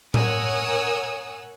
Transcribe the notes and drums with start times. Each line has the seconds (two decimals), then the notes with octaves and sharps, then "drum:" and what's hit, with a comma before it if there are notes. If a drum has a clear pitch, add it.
0.14 A#4 C#5 F#5 G#5 D#6 E6, drum: tom A2